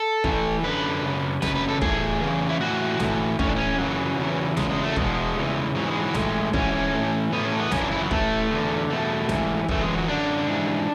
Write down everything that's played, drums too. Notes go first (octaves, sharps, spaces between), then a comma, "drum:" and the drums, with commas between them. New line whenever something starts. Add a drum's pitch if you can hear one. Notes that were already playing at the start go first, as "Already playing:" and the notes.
Already playing: A4
A2 E3, drum: kick
F#2 D3 B4
F#2 C#3
F#2 C#3 B4, drum: snare
B4
A4
A2 E3 G#4, drum: kick
E2 C#3 E3
E4
A2 E3 F#4
A2 E3, drum: snare
A2 E3 C#4, drum: kick
D4
C#4
F#2 C#3 E3 F#3
E2 C#3 E3
E2 C#3 G#3, drum: snare
G#3
A3
E2 B2 G#3, drum: kick
E2 C#3 E3
G#2 E3 F#3
G#3
F#3
A2 E3 G#3, drum: snare
G#2 E3 C#4, drum: kick
A2 E3
A2 E3 B3
C#4
A3
B3
F#2 C#3 E3 C#4, drum: snare
D4
E4
F#3
A2 E3 A3, drum: kick
E2 D3
E2 B2 A3
G#2 E3, drum: snare
F#2 E3 A3, drum: kick
G#3
F#3
F#2 D3 D4
G#2 E3